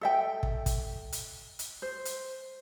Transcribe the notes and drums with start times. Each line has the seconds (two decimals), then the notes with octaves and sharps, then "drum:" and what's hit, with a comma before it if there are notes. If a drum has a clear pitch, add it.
0.01 A4 E5 G5
0.43 drum: kick
0.66 drum: kick, hi-hat
1.12 drum: hi-hat
1.59 drum: hi-hat
1.82 C5
2.05 drum: hi-hat